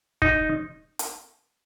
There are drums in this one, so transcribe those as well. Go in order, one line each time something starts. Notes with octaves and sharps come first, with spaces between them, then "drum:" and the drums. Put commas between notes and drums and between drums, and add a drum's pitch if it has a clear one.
D#4, drum: kick
drum: hi-hat